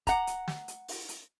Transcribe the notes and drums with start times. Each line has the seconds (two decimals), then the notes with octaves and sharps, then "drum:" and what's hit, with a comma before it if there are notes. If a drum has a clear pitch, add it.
0.07 F#5 A#5, drum: kick, hi-hat
0.27 drum: hi-hat
0.48 drum: snare
0.68 drum: hi-hat
0.88 drum: open hi-hat
1.09 drum: hi-hat